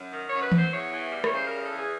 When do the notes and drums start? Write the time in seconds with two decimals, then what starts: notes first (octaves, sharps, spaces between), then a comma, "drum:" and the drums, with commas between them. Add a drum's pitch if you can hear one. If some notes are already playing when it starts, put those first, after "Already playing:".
Already playing: F#2
0.12 D#3
0.26 C#5
0.32 F#2
0.42 B4
0.52 F#3, drum: tom E3
0.57 C5
0.72 E2 C#5
0.92 E3
1.12 G3
1.24 C#5, drum: rim click
1.32 C#3 C5
1.47 A#4
1.52 E2
1.62 A4
1.72 E3 G#4